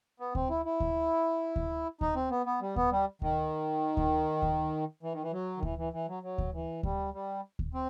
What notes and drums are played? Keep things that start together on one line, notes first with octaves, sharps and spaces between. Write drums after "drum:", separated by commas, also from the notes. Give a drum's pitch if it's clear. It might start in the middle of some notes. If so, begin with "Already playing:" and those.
B3
C4, drum: kick D2
E4
E4
drum: kick D2
drum: kick D2
D#4, drum: kick D2
C4
B3
B3
G3
B3, drum: kick D2
G3
D#3, drum: kick D2
drum: kick D2
drum: kick D2
E3
D#3
E3
F#3
D#3
E3, drum: kick D2
E3
E3
F#3
F#3
drum: kick D2
E3
G3, drum: kick D2
G3
drum: kick D2
C4